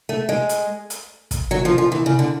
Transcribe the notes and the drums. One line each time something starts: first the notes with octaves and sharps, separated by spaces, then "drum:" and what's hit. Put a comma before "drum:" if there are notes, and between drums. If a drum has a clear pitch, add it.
A3
G#3
drum: hi-hat
drum: hi-hat
drum: kick, hi-hat
F#3
F3
F3
E3
C#3
D3